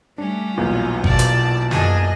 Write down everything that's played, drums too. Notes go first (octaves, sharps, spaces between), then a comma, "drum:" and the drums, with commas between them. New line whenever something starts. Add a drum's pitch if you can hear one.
G3 A3 C#4 D4
B1 E2 A#2 F4
B2 D5 A5, drum: kick G#1
drum: hi-hat
F#2 D4 G#4 D#5 G#5, drum: snare